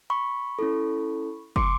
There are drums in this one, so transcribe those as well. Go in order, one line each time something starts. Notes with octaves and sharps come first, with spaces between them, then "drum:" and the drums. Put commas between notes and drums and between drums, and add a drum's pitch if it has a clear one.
B5 C#6
C#4 E4 A4
C6 D6, drum: kick